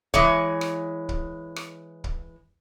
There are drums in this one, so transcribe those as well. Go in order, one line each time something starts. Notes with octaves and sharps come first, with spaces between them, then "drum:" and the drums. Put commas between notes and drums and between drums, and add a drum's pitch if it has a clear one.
E3 G#3 C#5, drum: kick
drum: rim click
drum: kick
drum: rim click
drum: kick